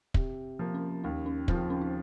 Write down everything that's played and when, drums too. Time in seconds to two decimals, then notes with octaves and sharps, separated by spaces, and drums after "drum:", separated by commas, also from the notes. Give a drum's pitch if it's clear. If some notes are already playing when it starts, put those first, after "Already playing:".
0.14 C3, drum: kick
0.59 F3 A#3
0.75 C#4
1.04 D#2 C#4
1.26 C#4
1.48 C#3 F3 C4 C#4 F4, drum: kick
1.70 C#4
1.81 D#4